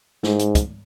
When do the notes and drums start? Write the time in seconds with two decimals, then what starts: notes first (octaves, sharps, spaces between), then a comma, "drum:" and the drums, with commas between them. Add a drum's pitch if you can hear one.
0.24 G#2, drum: snare
0.39 drum: hi-hat
0.55 drum: kick, hi-hat